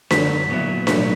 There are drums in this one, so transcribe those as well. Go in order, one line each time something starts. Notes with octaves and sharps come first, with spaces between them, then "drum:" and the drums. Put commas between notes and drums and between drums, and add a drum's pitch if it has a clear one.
F#2 D3 F#3 B6, drum: snare D4
A#2 F#3 B3 E4
B1 A2 F#3 B6, drum: snare D4